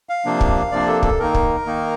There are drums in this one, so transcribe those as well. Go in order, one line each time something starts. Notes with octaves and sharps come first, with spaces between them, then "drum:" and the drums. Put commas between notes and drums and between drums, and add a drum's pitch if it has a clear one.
F5
C3 F3 A#3 D4
drum: kick
C3 F3 A#3 D4 D5
A4
A4, drum: kick
D#3 A#3 D#4 A#4
drum: kick
D#3 A#3 D#4